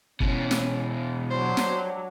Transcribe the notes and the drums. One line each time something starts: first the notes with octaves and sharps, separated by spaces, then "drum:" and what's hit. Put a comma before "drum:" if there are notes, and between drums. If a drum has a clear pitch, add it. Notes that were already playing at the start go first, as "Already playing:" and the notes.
B2 E3 C#4, drum: kick
drum: snare
F#3 G3 D4 C5
drum: snare